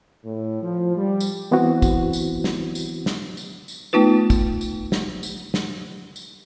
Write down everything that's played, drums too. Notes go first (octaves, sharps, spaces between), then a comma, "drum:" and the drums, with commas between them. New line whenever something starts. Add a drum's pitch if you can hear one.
A2
F3
G3
drum: tambourine
E3 B3 C4 E4 F#4
drum: kick, tambourine
drum: tambourine
drum: snare
drum: tambourine
drum: snare
drum: tambourine
drum: tambourine
A3 B3 D#4 F4 B4
drum: kick, tambourine
drum: tambourine
drum: snare
drum: tambourine
drum: snare
drum: tambourine